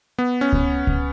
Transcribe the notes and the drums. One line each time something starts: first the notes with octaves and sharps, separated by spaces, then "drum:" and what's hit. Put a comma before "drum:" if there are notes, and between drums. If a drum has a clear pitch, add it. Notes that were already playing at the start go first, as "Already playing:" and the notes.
B3
C#4
drum: kick C#2
drum: kick C#2